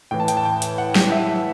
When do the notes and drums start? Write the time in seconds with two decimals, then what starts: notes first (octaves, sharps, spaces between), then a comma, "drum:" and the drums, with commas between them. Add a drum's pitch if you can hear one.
0.11 A2 E3 G5
0.20 A5
0.28 G5, drum: hi-hat
0.37 A5
0.45 G5
0.62 drum: hi-hat
0.78 F#5
0.95 drum: snare
1.12 E5